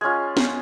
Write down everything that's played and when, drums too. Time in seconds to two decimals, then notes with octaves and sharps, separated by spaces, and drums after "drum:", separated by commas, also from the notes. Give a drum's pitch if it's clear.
0.01 G#3 C#4 F4 G#5
0.37 drum: snare